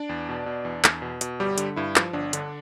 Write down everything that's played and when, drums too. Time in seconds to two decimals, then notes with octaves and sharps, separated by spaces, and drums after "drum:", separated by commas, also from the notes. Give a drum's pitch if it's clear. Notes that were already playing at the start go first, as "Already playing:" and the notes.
Already playing: D4 D5
0.09 E2
0.29 B2
0.46 B2
0.65 E2
0.84 E2, drum: clap
1.02 B2
1.21 B2, drum: hi-hat
1.40 G1 G3 G4
1.58 D3, drum: hi-hat
1.76 G2 E4
1.96 F3, drum: clap
2.13 G1 D4
2.33 D3, drum: hi-hat